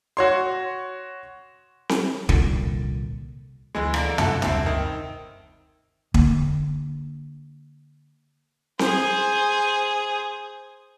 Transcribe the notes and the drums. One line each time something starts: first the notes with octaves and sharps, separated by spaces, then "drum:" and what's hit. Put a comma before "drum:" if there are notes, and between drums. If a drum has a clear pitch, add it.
F#4 C#5 C6
drum: snare C4
C2 A#2 D3, drum: kick
D2 E3 F#3 G#3 B3
D3 A#3, drum: rim click
F#2 E4 F#4 A4, drum: tom
F#1 D2 G2 C4 E4, drum: tom
D#3
D3 A#3, drum: kick
G#4 C5, drum: snare C4